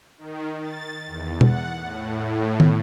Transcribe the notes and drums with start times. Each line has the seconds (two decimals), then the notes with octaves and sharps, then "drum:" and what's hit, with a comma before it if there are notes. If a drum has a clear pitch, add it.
0.18 D#3
0.61 A6
1.06 E2
1.41 F#5, drum: tom B2
1.78 A2
2.60 drum: tom